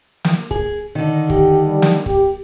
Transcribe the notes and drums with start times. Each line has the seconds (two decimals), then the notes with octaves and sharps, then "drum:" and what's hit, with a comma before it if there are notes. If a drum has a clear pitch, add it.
0.24 drum: snare
0.51 G#4, drum: kick
0.95 D3 D#3
1.30 G4, drum: kick
1.66 G3
1.82 drum: snare
2.06 G4, drum: kick